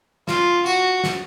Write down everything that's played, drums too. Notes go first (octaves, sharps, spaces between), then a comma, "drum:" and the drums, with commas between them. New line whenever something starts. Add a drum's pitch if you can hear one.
F4, drum: snare
F#4, drum: tambourine
drum: snare